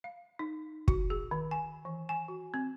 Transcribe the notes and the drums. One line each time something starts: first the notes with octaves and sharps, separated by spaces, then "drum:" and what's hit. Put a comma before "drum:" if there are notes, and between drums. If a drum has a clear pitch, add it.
F5
D#4
F#4, drum: kick
G#4
D#3
G#5
E3
G#5
F#4
C4